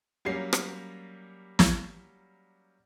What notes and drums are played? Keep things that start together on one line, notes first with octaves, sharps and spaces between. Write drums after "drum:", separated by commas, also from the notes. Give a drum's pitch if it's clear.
F#3 G3 A#3 C#4 C7
drum: rim click
drum: snare